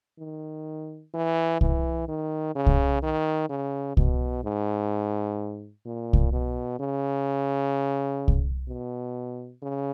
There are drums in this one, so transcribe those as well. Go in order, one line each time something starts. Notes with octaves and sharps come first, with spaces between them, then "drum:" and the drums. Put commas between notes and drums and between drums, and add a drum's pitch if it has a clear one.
D#3
E3
E3, drum: kick C2
D#3
C#3
drum: kick C2
D#3
C#3
B2, drum: kick C2
G#2
A#2
drum: kick C2
B2
C#3
drum: kick C2
B2
C#3